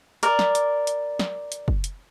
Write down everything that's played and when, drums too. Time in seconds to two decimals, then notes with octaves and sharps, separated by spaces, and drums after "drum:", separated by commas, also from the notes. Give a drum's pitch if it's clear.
0.23 A#4 D5, drum: hi-hat
0.39 drum: snare
0.55 drum: hi-hat
0.87 drum: hi-hat
1.19 drum: snare
1.52 drum: hi-hat
1.68 drum: kick
1.84 drum: hi-hat